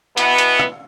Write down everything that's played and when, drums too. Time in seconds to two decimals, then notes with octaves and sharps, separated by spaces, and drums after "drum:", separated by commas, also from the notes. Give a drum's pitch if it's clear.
0.17 B2 E3 B3, drum: hi-hat
0.38 drum: hi-hat
0.59 drum: rim click